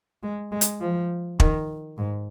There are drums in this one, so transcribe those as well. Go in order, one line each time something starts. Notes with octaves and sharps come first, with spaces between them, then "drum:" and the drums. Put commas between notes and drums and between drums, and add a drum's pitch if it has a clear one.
G#3
G#3
drum: hi-hat
F3
D#3, drum: kick
G#2